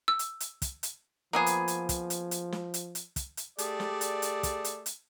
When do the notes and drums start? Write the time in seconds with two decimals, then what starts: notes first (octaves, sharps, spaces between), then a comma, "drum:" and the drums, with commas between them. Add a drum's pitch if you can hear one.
0.08 E6
0.19 drum: hi-hat
0.40 drum: hi-hat
0.62 drum: kick, hi-hat
0.83 drum: hi-hat
1.33 F3 A#3 B3 G#4
1.46 drum: hi-hat
1.68 drum: hi-hat
1.89 drum: kick, hi-hat
2.10 drum: hi-hat
2.31 drum: hi-hat
2.52 drum: snare
2.74 drum: hi-hat
2.95 drum: hi-hat
3.16 drum: kick, hi-hat
3.37 drum: hi-hat
3.58 A3 G4 G#4 D5, drum: hi-hat
3.80 drum: snare
4.01 drum: hi-hat
4.22 drum: hi-hat
4.43 drum: kick, hi-hat
4.64 drum: hi-hat
4.86 drum: hi-hat